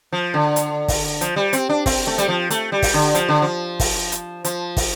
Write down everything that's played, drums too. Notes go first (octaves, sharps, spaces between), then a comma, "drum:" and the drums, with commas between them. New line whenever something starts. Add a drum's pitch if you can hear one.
F3
D3
drum: hi-hat
drum: kick, open hi-hat
F3, drum: hi-hat
G3
C4, drum: hi-hat
D4
C4, drum: kick, open hi-hat
A3
G3, drum: hi-hat
F3
A3, drum: hi-hat
G3
drum: kick, open hi-hat
D3
F3, drum: hi-hat
D3
F3
drum: kick, open hi-hat
drum: hi-hat
F3, drum: hi-hat
drum: kick, open hi-hat